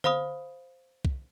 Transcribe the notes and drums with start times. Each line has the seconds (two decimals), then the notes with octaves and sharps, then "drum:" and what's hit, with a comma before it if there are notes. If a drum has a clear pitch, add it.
0.04 C5 F5 B5 D#6, drum: tom D3
1.05 drum: kick C2